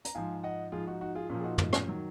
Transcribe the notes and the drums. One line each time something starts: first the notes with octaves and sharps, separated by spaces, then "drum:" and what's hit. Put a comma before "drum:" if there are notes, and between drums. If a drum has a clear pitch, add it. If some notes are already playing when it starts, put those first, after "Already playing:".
A#5, drum: hi-hat
G#2 F3 F5 G#5
D#5 F#5
G#2 F3 F4 G#4
D#4 F#4
D#4 F#4
F4 G#4
A#2 F3 C#4 F4
G#4
D#4 F#4
D#4, drum: tom
C#4, drum: rim click
D#3 F#3